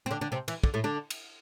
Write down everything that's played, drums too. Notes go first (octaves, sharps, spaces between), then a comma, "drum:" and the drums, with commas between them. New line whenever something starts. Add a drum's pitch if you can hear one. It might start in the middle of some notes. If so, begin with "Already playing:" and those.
C4
D3 D4
D3 D4
C3 C4
E3, drum: cymbal
D3, drum: kick
A2 A3
D3 D4
drum: cymbal